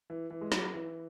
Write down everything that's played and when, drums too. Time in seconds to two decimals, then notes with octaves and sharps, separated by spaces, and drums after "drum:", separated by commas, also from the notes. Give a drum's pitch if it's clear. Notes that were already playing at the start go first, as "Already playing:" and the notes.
0.10 E3
0.30 E3
0.41 G#3
0.52 F#3, drum: snare
0.74 E3